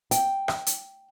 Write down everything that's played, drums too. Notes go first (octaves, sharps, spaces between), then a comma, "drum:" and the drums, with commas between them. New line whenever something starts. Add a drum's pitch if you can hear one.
G5, drum: hi-hat
drum: rim click
drum: hi-hat